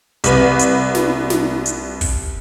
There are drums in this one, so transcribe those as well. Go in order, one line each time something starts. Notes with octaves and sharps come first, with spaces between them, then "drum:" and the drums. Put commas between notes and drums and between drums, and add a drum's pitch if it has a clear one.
C2 B4, drum: hi-hat
drum: hi-hat
drum: snare
drum: snare
drum: hi-hat
drum: kick, open hi-hat